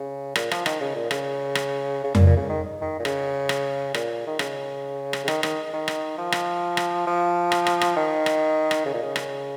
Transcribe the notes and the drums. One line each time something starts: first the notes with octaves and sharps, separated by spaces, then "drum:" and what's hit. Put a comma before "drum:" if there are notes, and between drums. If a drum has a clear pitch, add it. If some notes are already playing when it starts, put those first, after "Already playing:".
Already playing: C#3
A#2, drum: rim click
F3, drum: rim click
D#3, drum: rim click
C#3
A#2
C#3, drum: rim click
drum: rim click
C#3
A#2, drum: tom F2
A#2
C#3
D#3
D#3
A#2
C#3, drum: rim click
drum: rim click
A#2, drum: rim click
D#3
C#3, drum: rim click
drum: rim click
C#3
D#3, drum: rim click
D#3, drum: rim click
D#3
drum: rim click
F3
drum: rim click
drum: rim click
F3
drum: rim click
drum: rim click
drum: rim click
D#3
drum: rim click
drum: rim click
C#3
A#2
C#3
drum: rim click